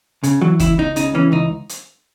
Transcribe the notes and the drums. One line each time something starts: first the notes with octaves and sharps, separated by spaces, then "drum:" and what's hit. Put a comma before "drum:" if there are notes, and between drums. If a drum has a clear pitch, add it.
C#3, drum: hi-hat
E3 F#3
C#2 E4, drum: kick, hi-hat
C#2 D#4
C#3 D#4, drum: hi-hat
E3 C#4
C#2 D#4
drum: hi-hat